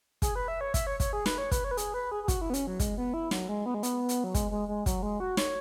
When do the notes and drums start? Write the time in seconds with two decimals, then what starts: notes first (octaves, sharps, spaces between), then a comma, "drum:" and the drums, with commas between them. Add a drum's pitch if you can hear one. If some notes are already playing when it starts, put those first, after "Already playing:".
0.22 G#4, drum: kick, hi-hat
0.35 B4
0.48 E5
0.61 C#5
0.74 E5, drum: kick, hi-hat
0.87 C#5
1.00 C#5, drum: kick, hi-hat
1.13 G#4
1.26 B4, drum: snare
1.38 C#5
1.51 B4, drum: kick, hi-hat
1.64 C#5
1.71 B4
1.77 G#4, drum: hi-hat
1.94 B4
2.11 G#4
2.24 G#4
2.28 F#4, drum: kick, hi-hat
2.41 E4
2.50 B3
2.54 C#4, drum: hi-hat
2.67 F#3
2.79 G#3, drum: kick, hi-hat
2.98 B3
3.14 E4
3.31 F#3, drum: snare
3.49 G#3
3.66 B3
3.74 G#3
3.83 B3, drum: hi-hat
4.09 drum: hi-hat
4.24 F#3
4.34 G#3, drum: kick, hi-hat
4.51 G#3
4.68 G#3
4.86 F#3, drum: kick, hi-hat
5.03 G#3
5.20 F#4
5.37 C#5, drum: snare